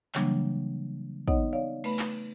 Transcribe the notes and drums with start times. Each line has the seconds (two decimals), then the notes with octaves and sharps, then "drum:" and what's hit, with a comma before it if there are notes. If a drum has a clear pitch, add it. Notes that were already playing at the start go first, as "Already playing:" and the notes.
0.15 C#3 E3 F#3 G3 A#3 D4, drum: clap
1.28 B3 D#4 C#5 D#5 F#5, drum: kick
1.53 C#5 D5 F5
1.84 A3 B4 B5, drum: cymbal
1.99 drum: clap